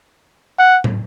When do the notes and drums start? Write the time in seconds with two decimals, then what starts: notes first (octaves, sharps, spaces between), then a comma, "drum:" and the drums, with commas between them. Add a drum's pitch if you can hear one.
0.59 F#5
0.84 drum: tom